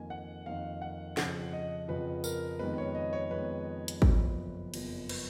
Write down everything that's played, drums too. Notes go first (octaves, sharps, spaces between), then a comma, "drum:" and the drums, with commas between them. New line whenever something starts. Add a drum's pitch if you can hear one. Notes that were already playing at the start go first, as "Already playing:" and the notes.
Already playing: F2 D#3 A#3 G#5
F#5
F2 D#3 A#3 F5
F#5
F2 C#3 F3 F#5, drum: snare
D#5
F2 C#3 F3 B4
A#4, drum: tambourine
F2 D#3 G#3 B3 B4
C#5
D#5
C#5
F2 D#3 G#3 B3 B4
drum: hi-hat
F#1 F2 F3 B3, drum: kick G#1
F#1 F2 F3 B3, drum: cymbal
B4, drum: cymbal